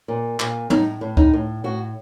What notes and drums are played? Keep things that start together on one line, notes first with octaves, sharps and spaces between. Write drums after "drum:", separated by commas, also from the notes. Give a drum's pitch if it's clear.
A#2
A#2, drum: clap
A2 D#4, drum: tom
A2
D#4, drum: kick C#2
A2
A2 F#4